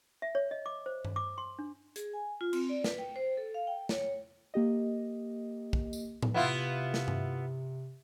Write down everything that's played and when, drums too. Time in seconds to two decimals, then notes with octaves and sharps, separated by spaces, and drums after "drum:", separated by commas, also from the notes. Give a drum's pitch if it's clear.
0.22 E5
0.35 C#5
0.51 D#5
0.66 D6
0.86 C5
1.05 drum: tom G2
1.16 D6
1.38 C6
1.59 D4
1.96 G#4, drum: hi-hat
2.13 G#5
2.41 F4
2.53 C4, drum: cymbal
2.69 D5
2.84 B4, drum: snare
2.98 G5
3.16 C5
3.37 A4
3.54 F5
3.67 G5
3.89 C#5, drum: snare
4.54 A#3 G4 D#5
5.73 drum: kick B1
5.93 drum: tambourine
6.22 drum: tom A2
6.34 C3 B3 E4 F4
6.94 drum: snare
7.08 drum: tom G2